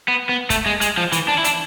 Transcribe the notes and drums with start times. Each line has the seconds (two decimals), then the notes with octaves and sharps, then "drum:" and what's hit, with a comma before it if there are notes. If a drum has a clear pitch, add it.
0.08 B3
0.29 B3
0.50 A3, drum: kick, hi-hat
0.66 G#3
0.81 G#3, drum: hi-hat
0.98 F3
1.12 E3, drum: hi-hat
1.28 D4
1.38 E4
1.44 D4, drum: hi-hat